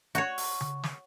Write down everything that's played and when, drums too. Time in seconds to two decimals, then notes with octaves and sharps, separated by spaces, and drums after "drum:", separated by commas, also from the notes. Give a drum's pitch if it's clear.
0.15 F#4 C#5, drum: hi-hat
0.38 drum: open hi-hat
0.61 drum: tom C#3
0.83 drum: snare